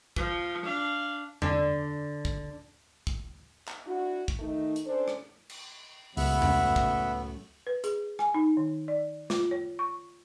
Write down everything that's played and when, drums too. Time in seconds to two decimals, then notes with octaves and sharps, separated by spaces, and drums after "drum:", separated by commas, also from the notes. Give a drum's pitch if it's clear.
0.16 F3, drum: kick
0.64 D4 F5
1.42 D3, drum: tom E2
2.25 drum: kick
3.07 drum: kick
3.68 drum: clap
3.86 D4 E4 F#4
4.28 drum: kick
4.39 D#3 A3 D#4
4.76 drum: hi-hat
4.85 C#4 D4 A4 C5
5.08 drum: rim click
5.49 drum: cymbal
6.17 C#2 F#2 A2 A3 B3 E5 F#5 B5, drum: open hi-hat
6.42 drum: tom E2
6.76 drum: kick
7.67 B4
7.84 G#4, drum: hi-hat
8.19 G#5, drum: rim click
8.34 D#4
8.57 D#3
8.88 D5
9.30 F4, drum: snare
9.51 C#5
9.79 C#6